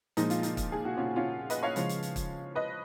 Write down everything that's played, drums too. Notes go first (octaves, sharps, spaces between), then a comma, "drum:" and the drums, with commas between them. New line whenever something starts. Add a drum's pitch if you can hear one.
A#2 F3 G#3 D#4, drum: hi-hat
F4, drum: hi-hat
D#4, drum: hi-hat
drum: kick, hi-hat
G#4
F#4
C#4 F4
C#4 F4
B4 D#5, drum: hi-hat
C#5 F5
C#3 F3 G#3, drum: hi-hat
drum: hi-hat
drum: hi-hat
drum: kick, hi-hat
B4 D#5